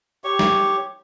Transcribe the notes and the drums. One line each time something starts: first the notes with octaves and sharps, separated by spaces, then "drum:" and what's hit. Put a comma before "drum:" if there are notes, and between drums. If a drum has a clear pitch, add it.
G4 C#5 C#6
drum: snare